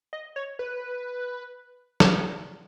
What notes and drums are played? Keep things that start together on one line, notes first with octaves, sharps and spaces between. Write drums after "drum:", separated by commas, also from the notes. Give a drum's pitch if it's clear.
D#5
C#5
B4
drum: snare